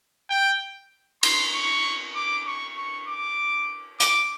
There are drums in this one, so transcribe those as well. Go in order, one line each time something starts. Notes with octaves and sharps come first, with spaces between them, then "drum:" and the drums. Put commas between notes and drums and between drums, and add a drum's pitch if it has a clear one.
G5
C6, drum: cymbal
C#6
D6
C#6
C#6
D6
D6, drum: hi-hat